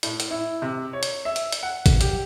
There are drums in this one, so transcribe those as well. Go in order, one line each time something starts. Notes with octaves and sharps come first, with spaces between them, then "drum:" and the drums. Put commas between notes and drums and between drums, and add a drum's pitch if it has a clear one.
A2, drum: hi-hat
drum: hi-hat
E4
C3
C#5
drum: hi-hat
E5
drum: hi-hat
drum: hi-hat
F#5
drum: kick, hi-hat
G4, drum: hi-hat